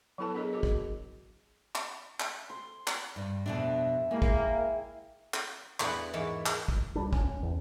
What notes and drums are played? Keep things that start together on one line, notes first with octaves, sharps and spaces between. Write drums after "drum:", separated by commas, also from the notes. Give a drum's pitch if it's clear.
F#3 B3 E4 A4 B4 A5
B3 D4 G#4 A#4 D#5
F#4 G#4 D#5
drum: kick
drum: clap
drum: clap
C6
drum: clap
G2
F2 B2 D4 E5 A5
G#3 A#3 E4 G4 G#4
drum: kick
drum: clap
E2 E3 B3 D4 B4 F#5, drum: clap
G#2 E3 A#3 C#5 A5
drum: clap
drum: kick
C#2 G3 D4
D1 G2 C#4, drum: kick
C#4
E2